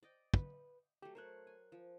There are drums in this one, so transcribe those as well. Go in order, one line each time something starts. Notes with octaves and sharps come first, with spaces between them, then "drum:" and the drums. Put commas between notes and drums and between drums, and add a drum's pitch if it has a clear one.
D5 D#5 G5
B4, drum: kick
F#3 A3 G4
A#4 C5 C#5 C6 F#6
G#5
F3